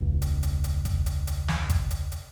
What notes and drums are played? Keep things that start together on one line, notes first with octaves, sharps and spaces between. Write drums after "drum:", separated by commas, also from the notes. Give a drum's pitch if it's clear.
E1 C#2
drum: hi-hat
drum: hi-hat
drum: hi-hat
drum: kick G#1, hi-hat
drum: hi-hat
drum: hi-hat
drum: snare
drum: kick G#1, hi-hat
drum: hi-hat
drum: hi-hat